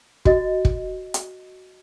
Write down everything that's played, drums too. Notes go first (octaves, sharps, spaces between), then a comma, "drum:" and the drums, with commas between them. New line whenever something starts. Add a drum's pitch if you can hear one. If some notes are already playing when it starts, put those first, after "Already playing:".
F#4 D#5, drum: kick
drum: kick
drum: hi-hat